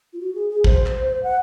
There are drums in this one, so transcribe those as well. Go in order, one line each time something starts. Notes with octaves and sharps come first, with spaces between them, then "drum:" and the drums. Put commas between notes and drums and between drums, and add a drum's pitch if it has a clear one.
F4
F#4
G#4
G#4
C5, drum: kick
drum: clap
C5
F#5